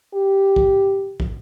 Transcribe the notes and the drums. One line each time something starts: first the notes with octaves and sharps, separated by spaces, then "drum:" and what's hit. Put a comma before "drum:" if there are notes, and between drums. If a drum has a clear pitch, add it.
G4
drum: kick
drum: kick